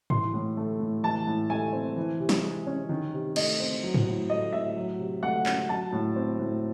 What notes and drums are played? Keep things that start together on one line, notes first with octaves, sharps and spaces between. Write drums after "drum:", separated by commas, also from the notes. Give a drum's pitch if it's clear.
E3 C6, drum: tom G#2
A2
A3
A2
E3 A5
A2
A3 G#5
C4
E3
C3
drum: snare
G#3
C#4
D#3
C3
A3 D#5, drum: cymbal
C4
F#3
drum: tom G#2
A2
A3 D#5
A2 E5
F#3
C3
A3 F#5
C#4, drum: clap
F#3 A5
A2
C4
A2